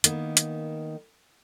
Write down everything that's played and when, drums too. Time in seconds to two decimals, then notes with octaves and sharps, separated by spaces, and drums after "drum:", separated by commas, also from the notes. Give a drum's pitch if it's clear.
0.04 D#3 A#3 B3, drum: hi-hat
0.37 drum: hi-hat